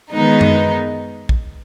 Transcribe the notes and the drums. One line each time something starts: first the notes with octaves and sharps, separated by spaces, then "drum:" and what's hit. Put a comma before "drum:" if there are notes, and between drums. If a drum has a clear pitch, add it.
D#3 G#3 B3 D#4
drum: tom F#2
drum: kick